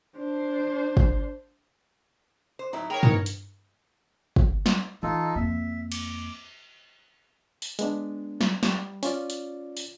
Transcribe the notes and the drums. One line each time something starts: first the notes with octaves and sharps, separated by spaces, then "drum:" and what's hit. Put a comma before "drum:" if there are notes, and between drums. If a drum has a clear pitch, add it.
D4 C5
drum: kick
C5
A2 F#3 D#4 E4
G#4 A#4 C#5 G5 B5
A#3 D#4, drum: tom G2
drum: hi-hat
drum: kick
drum: snare
E3 D#4 F4 A4
F2 A#3 E5
D6, drum: cymbal
drum: open hi-hat
G#3 B3 D4, drum: hi-hat
drum: snare
G3, drum: snare
C#4 F4 D5, drum: open hi-hat
drum: hi-hat
drum: open hi-hat